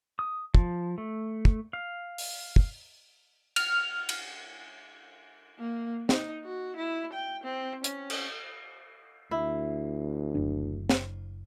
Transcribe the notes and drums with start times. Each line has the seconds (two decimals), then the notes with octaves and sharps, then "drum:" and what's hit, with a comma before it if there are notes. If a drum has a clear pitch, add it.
0.19 D#6
0.55 F3, drum: kick
0.98 A3
1.45 drum: kick
1.73 F5
2.18 drum: open hi-hat
2.56 drum: kick
3.56 F6, drum: cymbal
4.09 drum: cymbal
5.59 A#3
6.09 D#4, drum: snare
6.45 F#4
6.77 E4
7.13 G5
7.44 C4
7.84 C#4, drum: hi-hat
8.10 drum: cymbal
9.31 D2 E4
10.35 F#1 D4
10.89 drum: snare